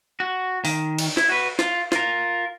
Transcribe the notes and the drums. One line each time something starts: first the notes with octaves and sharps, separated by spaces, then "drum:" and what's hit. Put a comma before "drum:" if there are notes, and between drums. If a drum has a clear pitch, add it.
F#4
D#3, drum: open hi-hat
drum: cymbal
E4, drum: snare
F#4 B4
F4, drum: snare
F4 A#4, drum: snare